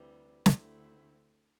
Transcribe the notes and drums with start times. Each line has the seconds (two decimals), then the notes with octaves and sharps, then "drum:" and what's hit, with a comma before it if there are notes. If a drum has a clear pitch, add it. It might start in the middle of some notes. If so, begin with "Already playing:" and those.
Already playing: D2 C3 E3 G3
0.46 D2 D3 A3 C4 E4, drum: snare